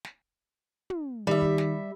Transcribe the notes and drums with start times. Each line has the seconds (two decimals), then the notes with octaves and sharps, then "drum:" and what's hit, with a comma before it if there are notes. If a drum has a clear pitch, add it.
0.04 drum: snare
0.90 drum: tom
1.27 D#3 G3 E5
1.42 drum: kick
1.58 drum: snare